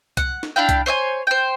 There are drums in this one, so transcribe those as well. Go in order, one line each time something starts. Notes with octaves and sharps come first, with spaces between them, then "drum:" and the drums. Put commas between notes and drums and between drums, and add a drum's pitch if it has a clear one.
F#5, drum: kick C2, hi-hat
drum: snare
D4 E4 F5 G5
drum: kick C2, hi-hat
C5 C#5 E5 G#5
C5 G5